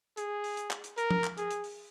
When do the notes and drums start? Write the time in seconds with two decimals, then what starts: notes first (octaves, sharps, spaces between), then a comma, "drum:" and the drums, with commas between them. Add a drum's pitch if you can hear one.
0.17 G#4, drum: hi-hat
0.44 drum: open hi-hat
0.57 drum: hi-hat
0.71 drum: clap
0.84 drum: hi-hat
0.98 A#4, drum: hi-hat
1.11 drum: tom F3
1.24 drum: clap
1.38 G#4, drum: hi-hat
1.51 drum: hi-hat
1.64 drum: open hi-hat